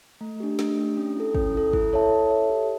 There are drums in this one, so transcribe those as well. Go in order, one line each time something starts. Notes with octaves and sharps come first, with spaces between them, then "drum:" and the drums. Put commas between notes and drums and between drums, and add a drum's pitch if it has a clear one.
A3
D4 G4
A3, drum: snare
D4 G4
C#4
E4 A4
C#4, drum: kick
E4 A4
E4, drum: kick
A4 C#5 E5 A5
E4
A4 C#5 E5 A5
G4